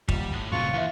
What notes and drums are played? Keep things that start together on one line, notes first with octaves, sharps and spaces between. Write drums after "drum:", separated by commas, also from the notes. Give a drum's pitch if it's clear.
G#1 D#2 G3 F4, drum: kick
A2
G2 A#2 C#3 F#3 C4 F4 C#6
D#2 E3 E5 F5